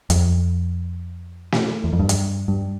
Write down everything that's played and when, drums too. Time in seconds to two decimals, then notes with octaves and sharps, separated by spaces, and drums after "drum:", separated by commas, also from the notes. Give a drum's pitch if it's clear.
0.10 F2, drum: hi-hat
1.52 drum: snare
1.84 E2
1.93 F2
1.99 G2
2.09 drum: hi-hat
2.48 G2